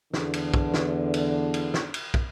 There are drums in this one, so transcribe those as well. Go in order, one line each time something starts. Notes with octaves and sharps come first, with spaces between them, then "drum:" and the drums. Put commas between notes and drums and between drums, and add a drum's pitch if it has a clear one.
E2 D3, drum: snare
drum: cymbal
drum: kick
drum: snare
drum: cymbal
drum: cymbal
drum: snare
drum: cymbal
drum: kick